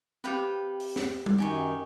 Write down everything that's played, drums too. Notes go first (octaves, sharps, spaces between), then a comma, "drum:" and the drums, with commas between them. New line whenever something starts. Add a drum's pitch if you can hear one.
C4 G4 B4 F5 G5
drum: open hi-hat
drum: snare
drum: tom G3
F#2 D#3 D#4 G4 G#5 C#6